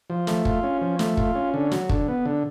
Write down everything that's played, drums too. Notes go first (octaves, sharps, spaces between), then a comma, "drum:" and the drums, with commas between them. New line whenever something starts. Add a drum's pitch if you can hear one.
F3
A3, drum: snare
F4, drum: kick
C#4
F3
A3, drum: snare
F4, drum: kick
C#4
D3
F#3, drum: snare
D3, drum: kick
B3
D3